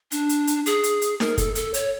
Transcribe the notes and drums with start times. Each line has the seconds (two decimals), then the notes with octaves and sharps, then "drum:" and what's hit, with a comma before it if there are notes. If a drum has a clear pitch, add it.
0.12 D4, drum: hi-hat
0.29 drum: hi-hat
0.47 drum: hi-hat
0.66 G#4, drum: hi-hat
0.84 drum: hi-hat
1.02 drum: hi-hat
1.20 A#4, drum: snare D#4
1.38 A4, drum: kick, hi-hat
1.55 A4, drum: hi-hat
1.74 C#5, drum: hi-hat